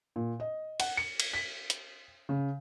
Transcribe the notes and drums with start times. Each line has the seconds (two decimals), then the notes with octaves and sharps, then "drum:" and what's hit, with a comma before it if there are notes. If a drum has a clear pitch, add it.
0.16 A#2
0.40 D#5
0.80 F#5, drum: cymbal
0.97 C#7
1.20 drum: cymbal
1.34 B6
1.70 drum: hi-hat
2.29 C#3